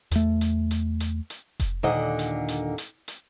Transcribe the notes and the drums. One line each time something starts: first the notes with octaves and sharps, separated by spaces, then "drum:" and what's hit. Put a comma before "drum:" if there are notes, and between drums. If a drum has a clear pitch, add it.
E2 A3, drum: hi-hat
drum: hi-hat
drum: hi-hat
drum: hi-hat
drum: hi-hat
drum: kick F1, hi-hat
D#2 A#2 D3 D#5 F#5
drum: hi-hat
drum: hi-hat
drum: hi-hat
drum: hi-hat